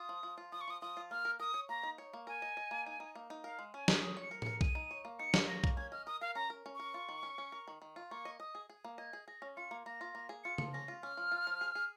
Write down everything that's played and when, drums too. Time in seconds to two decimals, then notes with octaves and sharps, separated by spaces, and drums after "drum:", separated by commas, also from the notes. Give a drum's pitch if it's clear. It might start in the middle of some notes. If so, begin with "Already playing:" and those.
Already playing: F4 D#6
0.09 F3
0.23 F3
0.38 F4
0.52 F3 D#6
0.61 C#6
0.68 F3 D#6
0.81 F3 D#6
0.97 F4
1.11 A#3 F6
1.25 A#4
1.40 A#4 D#6
1.54 C#5
1.69 A#3 A#5
1.83 D#4
1.98 C#5
2.14 A#3
2.27 A#4 G#5
2.42 D#5
2.57 D#5
2.71 A#3
2.86 D#4
3.00 D#4
3.15 A#3
3.30 D#4
3.44 A#4 F5
3.59 G#3
3.73 C#4 G#5
3.88 C#5, drum: snare
4.02 C#4 D#6
4.17 C#5
4.22 C#7
4.31 A#4
4.42 A#4 C#7, drum: tom A2
4.61 G#4 D#7, drum: kick B1
4.75 D#4
4.91 C#5
5.05 A#3
5.19 D#4 C#7
5.34 A#3, drum: snare
5.48 C#5 A#6
5.64 A#3, drum: kick B1
5.77 C#4 G#6
5.92 D#5 F6
6.07 A#4 D#6
6.21 A#4 F5
6.35 C#4 A#5
6.50 A#4
6.66 C#4
6.75 A#4 C#6
6.94 F4
7.09 D#3
7.23 C#4
7.38 C#4
7.52 A#4
7.68 D#3
7.82 D#3
7.96 F4
8.10 A#3 C#6
8.25 D#5
8.40 D#5 D#6
8.55 G#4
8.70 G#4
8.84 A#3
8.98 D#5 G#6
9.13 G#4
9.28 G#4 A#6
9.42 C#4
9.57 F4 C#7
9.71 A#3
9.86 A#3 A#6
10.01 F4
10.15 A#3
10.29 G#4
10.44 F4 C#7
10.58 F3, drum: tom C#3
10.73 C#4 A#6
10.88 F4
11.03 C#4 F6
11.17 F3
11.32 F4
11.47 F3
11.61 G#4
11.75 G#4